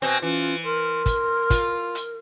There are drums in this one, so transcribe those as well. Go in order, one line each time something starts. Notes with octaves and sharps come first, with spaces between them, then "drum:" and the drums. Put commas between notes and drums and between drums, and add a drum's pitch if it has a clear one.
B2 C4 G#5
E3 C#4 F4
A#4 C6
drum: kick, hi-hat
F4, drum: kick, hi-hat
drum: hi-hat